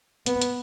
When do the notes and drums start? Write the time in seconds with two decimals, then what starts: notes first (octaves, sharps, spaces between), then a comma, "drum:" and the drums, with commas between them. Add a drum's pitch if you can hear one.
0.26 B3, drum: hi-hat
0.41 drum: hi-hat